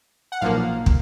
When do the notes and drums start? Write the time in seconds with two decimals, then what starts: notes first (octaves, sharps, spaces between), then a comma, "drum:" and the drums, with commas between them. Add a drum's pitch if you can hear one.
0.32 F#5
0.41 B1 A#2 F3 A#3 F5
0.86 drum: kick